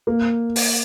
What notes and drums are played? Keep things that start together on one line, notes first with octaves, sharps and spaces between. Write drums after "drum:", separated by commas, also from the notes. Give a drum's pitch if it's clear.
A#3
drum: open hi-hat